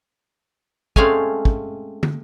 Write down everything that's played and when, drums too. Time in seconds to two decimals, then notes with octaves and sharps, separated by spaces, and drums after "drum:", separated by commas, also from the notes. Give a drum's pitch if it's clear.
0.96 G#3 A3 C4 C#4 F5 G#5, drum: kick
1.45 drum: kick
2.03 drum: tom